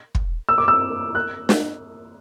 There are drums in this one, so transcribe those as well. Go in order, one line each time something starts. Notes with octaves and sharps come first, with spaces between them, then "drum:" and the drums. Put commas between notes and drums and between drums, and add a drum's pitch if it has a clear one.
drum: kick
E6
D6
E6
F#6
drum: snare